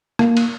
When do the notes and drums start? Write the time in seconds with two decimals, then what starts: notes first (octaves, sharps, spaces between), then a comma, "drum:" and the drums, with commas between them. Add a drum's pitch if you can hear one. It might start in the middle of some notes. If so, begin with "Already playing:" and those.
0.19 A#3, drum: rim click
0.37 drum: cymbal